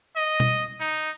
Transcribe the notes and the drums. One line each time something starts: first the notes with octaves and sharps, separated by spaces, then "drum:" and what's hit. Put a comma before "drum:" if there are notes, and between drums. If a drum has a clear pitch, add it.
D#5, drum: tambourine
drum: tom B2
D#4